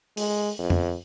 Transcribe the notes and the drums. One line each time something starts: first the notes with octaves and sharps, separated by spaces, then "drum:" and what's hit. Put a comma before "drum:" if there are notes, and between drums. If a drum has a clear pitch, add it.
G#3, drum: open hi-hat
F2
drum: tom F2